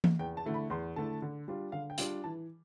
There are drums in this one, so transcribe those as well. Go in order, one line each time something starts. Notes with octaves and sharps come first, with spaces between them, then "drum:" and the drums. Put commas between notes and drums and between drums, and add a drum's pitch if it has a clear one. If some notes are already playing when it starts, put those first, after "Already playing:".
drum: tom E3
E2 G5
A5
D3 A3 E4
B5
E2 C6
D3 A3 E4 A5
D3
G3 D4 F4
D3 F5
G5
G3 D4 F4 F5, drum: hi-hat
E3 A5